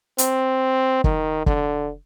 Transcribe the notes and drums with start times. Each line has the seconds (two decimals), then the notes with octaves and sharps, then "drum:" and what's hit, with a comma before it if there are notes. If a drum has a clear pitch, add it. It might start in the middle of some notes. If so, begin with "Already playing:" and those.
0.18 C4, drum: hi-hat
1.04 D#3, drum: kick
1.46 D3, drum: kick